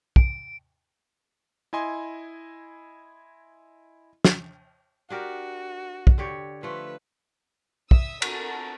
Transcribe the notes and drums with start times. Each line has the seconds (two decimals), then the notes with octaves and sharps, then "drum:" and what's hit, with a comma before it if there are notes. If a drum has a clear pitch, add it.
0.16 D7, drum: kick
1.73 E4 D#5 G#5 C6
4.25 drum: snare
5.10 D4 F#4 G4 A#4
6.07 drum: kick
6.18 D3 G4 C#5
6.63 F3 A3 B4
7.91 E5 D#6 E6, drum: kick
8.22 F#4 A4 A#4, drum: cymbal